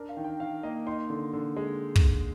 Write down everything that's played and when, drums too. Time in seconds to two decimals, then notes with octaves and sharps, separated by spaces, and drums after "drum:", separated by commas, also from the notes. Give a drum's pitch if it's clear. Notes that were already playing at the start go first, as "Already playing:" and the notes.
Already playing: D4 A#4
0.09 F5
0.17 D#3
0.24 G5
0.40 D#3 F5
0.63 A#3 D#5
0.87 D#4 C6
1.10 D3
1.33 D3
1.56 G#3
1.96 drum: kick